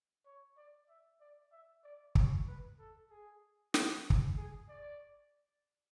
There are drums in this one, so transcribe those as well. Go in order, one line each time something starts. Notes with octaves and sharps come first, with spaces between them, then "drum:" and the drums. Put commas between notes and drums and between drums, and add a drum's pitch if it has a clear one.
C#5
D5
E5
D5
E5
D5
C#5, drum: kick
B4
A4
G#4
F#4, drum: snare
drum: kick
G#4
D5